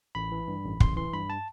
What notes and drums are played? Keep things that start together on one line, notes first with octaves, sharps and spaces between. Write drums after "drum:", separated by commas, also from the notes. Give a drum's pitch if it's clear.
A1 B5
E3
G2
A1
A1 C6, drum: kick
E3 C6
G2 B5
A5